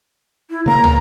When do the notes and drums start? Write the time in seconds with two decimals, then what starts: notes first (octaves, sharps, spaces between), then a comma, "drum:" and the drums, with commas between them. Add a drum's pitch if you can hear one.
0.50 E4
0.66 C#3 A#3 A#5
0.84 drum: tom